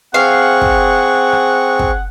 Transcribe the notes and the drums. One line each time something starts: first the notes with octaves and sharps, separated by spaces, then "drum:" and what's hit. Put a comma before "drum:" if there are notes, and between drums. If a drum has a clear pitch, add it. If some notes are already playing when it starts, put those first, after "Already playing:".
C4 G#4 F5 F#5 C#6
drum: kick
drum: rim click
drum: kick